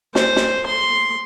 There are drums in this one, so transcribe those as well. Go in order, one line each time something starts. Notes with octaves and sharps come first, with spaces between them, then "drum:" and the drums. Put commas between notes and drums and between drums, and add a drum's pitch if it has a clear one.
C5, drum: snare
drum: snare
C6